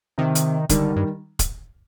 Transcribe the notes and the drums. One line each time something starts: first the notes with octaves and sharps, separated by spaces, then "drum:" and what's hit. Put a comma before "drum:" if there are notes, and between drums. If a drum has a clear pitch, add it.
C3 D#3
drum: hi-hat
D3 D#3 G3, drum: kick, hi-hat
G2
drum: kick, hi-hat